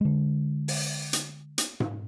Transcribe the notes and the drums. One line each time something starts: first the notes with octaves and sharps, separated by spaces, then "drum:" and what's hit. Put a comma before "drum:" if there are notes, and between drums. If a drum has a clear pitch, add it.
D3 G#3
drum: open hi-hat
drum: hi-hat
drum: hi-hat
drum: tom G#2